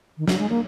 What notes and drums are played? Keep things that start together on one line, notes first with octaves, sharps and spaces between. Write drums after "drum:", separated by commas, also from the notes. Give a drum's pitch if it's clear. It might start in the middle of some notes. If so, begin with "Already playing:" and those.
D#3
F#3, drum: snare
G#3
A#3